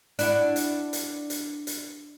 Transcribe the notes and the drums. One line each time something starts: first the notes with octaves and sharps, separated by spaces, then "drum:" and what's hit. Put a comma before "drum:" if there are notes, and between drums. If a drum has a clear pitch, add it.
D4 E4 F#4, drum: hi-hat
drum: hi-hat
drum: hi-hat
drum: hi-hat
drum: hi-hat